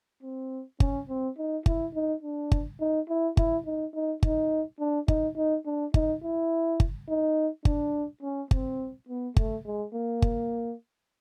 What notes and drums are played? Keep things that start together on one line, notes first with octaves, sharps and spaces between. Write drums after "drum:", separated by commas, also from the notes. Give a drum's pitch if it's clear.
C4
C#4, drum: kick G1
C4
D#4
E4, drum: kick G1
D#4
D4
drum: kick G1
D#4
E4
E4, drum: kick G1
D#4
D#4
D#4, drum: kick G1
D4
D#4, drum: kick G1
D#4
D4
D#4, drum: kick G1
E4
drum: kick G1
D#4
D4, drum: kick G1
C#4
C4, drum: kick G1
B3
A3, drum: kick G1
G#3
A#3
drum: kick G1